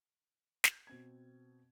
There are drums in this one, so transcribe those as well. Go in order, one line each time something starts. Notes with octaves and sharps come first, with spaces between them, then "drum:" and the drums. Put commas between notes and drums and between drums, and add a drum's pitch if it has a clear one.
drum: snare
B2 C4 G#6